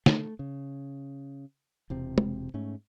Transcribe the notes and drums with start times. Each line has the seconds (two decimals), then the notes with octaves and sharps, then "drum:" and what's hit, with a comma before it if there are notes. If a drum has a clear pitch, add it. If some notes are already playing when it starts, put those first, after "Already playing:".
0.06 A3, drum: snare
0.39 C#3
1.90 E1 C3 C4
2.18 drum: tom
2.54 G#2 A3 C#4